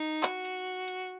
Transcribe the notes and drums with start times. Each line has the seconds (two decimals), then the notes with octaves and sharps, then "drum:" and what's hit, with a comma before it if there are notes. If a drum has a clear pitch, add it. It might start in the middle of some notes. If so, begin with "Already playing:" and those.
Already playing: D#4
0.23 F#4, drum: clap
0.45 drum: hi-hat
0.88 drum: hi-hat